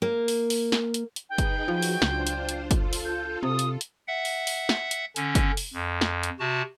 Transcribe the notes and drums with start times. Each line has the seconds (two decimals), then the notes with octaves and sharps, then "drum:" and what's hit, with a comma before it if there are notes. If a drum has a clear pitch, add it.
0.02 A#3
0.28 drum: open hi-hat
0.50 drum: open hi-hat
0.72 drum: snare
0.94 drum: hi-hat
1.16 drum: hi-hat
1.29 D#4 G#4 B4 G5
1.38 drum: kick, hi-hat
1.68 F3 F#3 F#4
1.82 drum: open hi-hat
2.02 C#2 D4 F4 C5, drum: snare
2.27 drum: hi-hat
2.49 drum: hi-hat
2.71 F4 A4, drum: kick, hi-hat
2.93 drum: open hi-hat
3.04 G6
3.43 C3 D#6
3.59 drum: hi-hat
3.81 drum: hi-hat
4.08 E5 F#5
4.25 drum: open hi-hat
4.47 drum: open hi-hat
4.69 drum: snare
4.91 drum: hi-hat
5.16 D3 C#4, drum: hi-hat
5.35 drum: kick, hi-hat
5.57 drum: open hi-hat
5.74 F2
6.01 drum: snare
6.23 drum: hi-hat
6.39 C3 F#4 A5